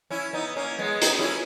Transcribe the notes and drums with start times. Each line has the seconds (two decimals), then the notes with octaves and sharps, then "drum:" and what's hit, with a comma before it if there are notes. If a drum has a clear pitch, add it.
0.10 C#4 E4
0.33 B3 D#4
0.56 A#3 C#4
0.79 G#3 B3
1.02 B3 D#4, drum: hi-hat
1.19 C#4 E4